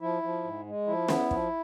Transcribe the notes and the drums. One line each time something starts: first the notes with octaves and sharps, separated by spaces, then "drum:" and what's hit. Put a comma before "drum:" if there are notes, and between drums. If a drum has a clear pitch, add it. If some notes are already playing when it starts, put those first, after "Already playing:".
F3 E4
F3
G#2
G#3
F3 E4
B3, drum: snare
F3, drum: kick